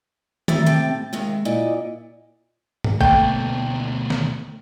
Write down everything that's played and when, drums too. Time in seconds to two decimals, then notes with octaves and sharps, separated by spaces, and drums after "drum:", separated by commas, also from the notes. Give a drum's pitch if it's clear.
0.48 A3 C4 D#4 E4 D5 A6, drum: tom D#3
0.66 A2 C3 G4
1.13 D#2 C3 D#3 G#3
1.45 A#2 E4 D5 D#5
2.84 drum: tom G2
3.01 D2 B2 A3 A#3 G5 G6, drum: kick G#1
4.10 drum: snare